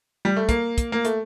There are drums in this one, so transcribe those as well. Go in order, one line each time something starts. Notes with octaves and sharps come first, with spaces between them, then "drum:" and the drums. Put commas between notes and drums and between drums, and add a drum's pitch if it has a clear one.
G3
A3
A#3, drum: kick, hi-hat
drum: kick, hi-hat
A#3
A3, drum: hi-hat